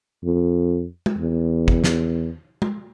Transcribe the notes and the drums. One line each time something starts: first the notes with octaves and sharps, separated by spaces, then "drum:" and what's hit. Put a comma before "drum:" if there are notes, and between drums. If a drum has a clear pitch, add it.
F2
drum: tom
E2
drum: kick
drum: snare
drum: tom